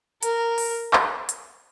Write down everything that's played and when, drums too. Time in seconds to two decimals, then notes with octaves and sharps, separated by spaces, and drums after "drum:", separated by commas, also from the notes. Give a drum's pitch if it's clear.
0.23 A#4, drum: hi-hat
0.58 drum: open hi-hat
0.93 drum: clap
1.29 drum: hi-hat